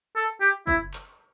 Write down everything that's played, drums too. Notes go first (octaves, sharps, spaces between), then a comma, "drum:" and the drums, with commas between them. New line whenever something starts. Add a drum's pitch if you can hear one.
A4
G4
E4, drum: kick
drum: clap